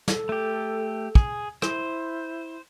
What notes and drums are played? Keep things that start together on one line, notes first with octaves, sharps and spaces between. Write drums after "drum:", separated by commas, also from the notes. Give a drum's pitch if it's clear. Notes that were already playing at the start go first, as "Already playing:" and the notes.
A4, drum: snare
A3 G4
G#4, drum: kick
E4 C5, drum: rim click